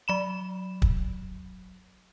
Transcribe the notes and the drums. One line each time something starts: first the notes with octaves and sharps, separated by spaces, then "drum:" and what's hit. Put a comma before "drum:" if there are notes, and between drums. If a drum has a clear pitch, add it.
F#3 B5 E7
drum: kick